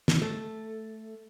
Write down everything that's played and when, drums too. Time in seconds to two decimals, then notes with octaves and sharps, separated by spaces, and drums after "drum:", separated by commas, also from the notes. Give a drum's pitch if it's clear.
0.08 drum: snare
0.22 A3